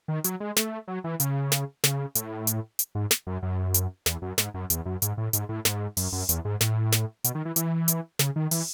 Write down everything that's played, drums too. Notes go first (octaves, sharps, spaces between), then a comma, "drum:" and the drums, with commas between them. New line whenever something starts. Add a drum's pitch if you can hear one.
D#3
F#3, drum: hi-hat
G#3
A3, drum: snare
F#3
E3
C#3, drum: hi-hat
drum: snare
C#3, drum: snare
A2, drum: hi-hat
drum: hi-hat
drum: hi-hat
G#2
drum: snare
F#2
F#2
drum: hi-hat
E2, drum: snare
F#2
G#2, drum: snare
F#2
E2, drum: hi-hat
F#2
G#2, drum: hi-hat
A2
G#2, drum: hi-hat
A2
G#2, drum: snare
F#2, drum: open hi-hat
F#2
E2, drum: hi-hat
G#2
A2, drum: snare
drum: snare
B2, drum: hi-hat
D#3
E3
E3, drum: hi-hat
drum: hi-hat
C#3, drum: snare
D#3
E3, drum: open hi-hat